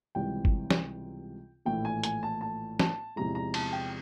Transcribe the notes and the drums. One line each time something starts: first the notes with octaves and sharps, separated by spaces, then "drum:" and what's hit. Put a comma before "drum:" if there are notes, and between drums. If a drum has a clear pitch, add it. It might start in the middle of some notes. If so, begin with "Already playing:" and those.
C#2 C3 E3 G3 G5
drum: kick G1
drum: snare
A#1 A2 E3 A3 G5
G#5
G#5, drum: hi-hat
A5
A5
A5, drum: snare
E2 C3 F3 G#3 A#5
A#5
A5, drum: cymbal
G5